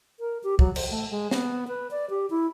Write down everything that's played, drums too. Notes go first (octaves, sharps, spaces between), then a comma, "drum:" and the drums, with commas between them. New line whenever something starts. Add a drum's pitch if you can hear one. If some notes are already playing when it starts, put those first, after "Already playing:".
A#4
G4
F#3, drum: kick
C5, drum: cymbal
A3
G#3
B3, drum: snare
B4
D5
G4
E4